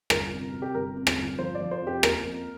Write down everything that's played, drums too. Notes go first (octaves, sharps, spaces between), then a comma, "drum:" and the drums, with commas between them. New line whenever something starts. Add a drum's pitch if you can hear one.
G1 A#4, drum: rim click
C3
C3
G4
G1 A#4
C3
drum: rim click
G1
F3 C5
D5
F3
C5
F2 G4
A#3 A#4, drum: rim click
F2